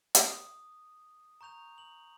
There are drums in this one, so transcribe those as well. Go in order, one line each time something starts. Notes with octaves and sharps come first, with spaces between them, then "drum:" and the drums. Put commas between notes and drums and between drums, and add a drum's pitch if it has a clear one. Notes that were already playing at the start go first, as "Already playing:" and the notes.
D#6, drum: hi-hat
A#5 C#6 G6 F7
F#7